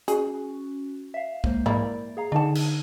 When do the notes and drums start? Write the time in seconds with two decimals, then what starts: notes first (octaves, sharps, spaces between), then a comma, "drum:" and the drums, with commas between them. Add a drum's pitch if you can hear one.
0.08 C#4 F#4 G#4, drum: hi-hat
1.14 E5 F5
1.44 G#3 A#3 C5, drum: kick
1.66 A#3 E4 D5, drum: tom G#2
2.17 G#4 F5 A#5
2.32 D3 D4 D#4 F#5 A5
2.55 drum: cymbal